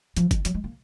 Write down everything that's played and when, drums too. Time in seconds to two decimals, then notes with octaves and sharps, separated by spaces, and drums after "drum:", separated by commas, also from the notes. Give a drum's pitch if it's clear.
0.17 F3, drum: hi-hat
0.31 D#3, drum: kick, hi-hat
0.45 F#3, drum: hi-hat
0.54 G#3
0.64 A#3